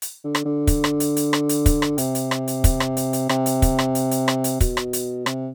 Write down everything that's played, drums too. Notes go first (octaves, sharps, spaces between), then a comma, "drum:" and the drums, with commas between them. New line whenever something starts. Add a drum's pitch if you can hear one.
drum: hi-hat
D3
drum: rim click
D3
drum: kick, hi-hat
drum: rim click
drum: hi-hat
drum: hi-hat
drum: rim click
drum: hi-hat
drum: kick, hi-hat
drum: rim click
C3, drum: hi-hat
drum: hi-hat
drum: rim click
drum: hi-hat
drum: kick, hi-hat
drum: rim click
drum: hi-hat
drum: hi-hat
C3, drum: rim click
drum: hi-hat
drum: kick, hi-hat
drum: rim click
drum: hi-hat
drum: hi-hat
drum: rim click
drum: hi-hat
B2, drum: kick, hi-hat
drum: rim click
drum: hi-hat
C3, drum: rim click